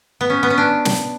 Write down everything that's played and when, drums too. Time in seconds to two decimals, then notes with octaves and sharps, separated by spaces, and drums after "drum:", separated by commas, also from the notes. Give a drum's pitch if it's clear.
0.21 B3
0.30 C#4
0.43 B3
0.50 C#4
0.58 D4
0.85 drum: snare